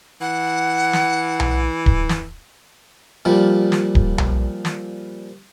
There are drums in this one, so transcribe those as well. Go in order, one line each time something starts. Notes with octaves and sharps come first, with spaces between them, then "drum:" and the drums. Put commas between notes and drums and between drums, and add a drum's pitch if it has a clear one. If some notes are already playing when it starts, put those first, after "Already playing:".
E3 F#5
drum: snare
drum: tom B1
drum: kick D1
drum: snare
A#2 F3 G3
drum: snare
drum: kick D1
drum: tom B1
drum: snare